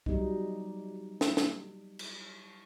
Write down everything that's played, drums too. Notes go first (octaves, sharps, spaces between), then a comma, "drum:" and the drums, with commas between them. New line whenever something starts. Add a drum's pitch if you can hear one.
F#3 G3 B3 D#4, drum: kick C2
drum: snare
drum: snare
drum: cymbal